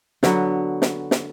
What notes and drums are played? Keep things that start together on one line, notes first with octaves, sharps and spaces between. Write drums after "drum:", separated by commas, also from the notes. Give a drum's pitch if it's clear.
D3 F#3 B3, drum: snare
drum: snare
drum: snare